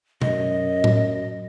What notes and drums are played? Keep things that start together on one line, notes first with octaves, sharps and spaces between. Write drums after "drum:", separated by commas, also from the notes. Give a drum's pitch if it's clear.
F#2 D#5, drum: tom B2
drum: tom A2